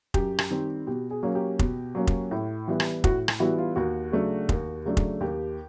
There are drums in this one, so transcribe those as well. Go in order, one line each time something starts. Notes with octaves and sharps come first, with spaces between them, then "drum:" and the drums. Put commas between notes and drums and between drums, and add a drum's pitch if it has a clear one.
F#2 G4, drum: kick F1
drum: rim click
D#3 G3 C4
B2 G4
G#4
F#3 A#3 C#4
G4
B2, drum: kick F1
F#3 A#3 C#4
drum: kick F1
A2
E3 G3 B3 E4
drum: rim click
A2 F#4, drum: kick F1
drum: rim click
E3 G3 B3 E4 F#4
F4
D#2 F#4
C#3 F#3 A3 D4
D#2, drum: kick F1
C#3 F#3 A3 D4
drum: kick F1
D#2 G4